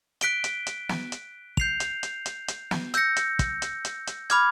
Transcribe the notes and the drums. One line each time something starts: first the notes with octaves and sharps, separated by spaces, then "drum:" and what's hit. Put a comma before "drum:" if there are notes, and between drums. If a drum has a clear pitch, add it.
F#6 B6 D7 G7, drum: hi-hat
drum: hi-hat
drum: hi-hat
drum: snare
drum: hi-hat
G6 C7 F7, drum: kick
drum: hi-hat
drum: hi-hat
drum: hi-hat
drum: hi-hat
drum: snare
E6 G6 A#6 C#7, drum: hi-hat
drum: hi-hat
drum: kick, hi-hat
drum: hi-hat
drum: hi-hat
drum: hi-hat
B5 D6 F6 G#6, drum: hi-hat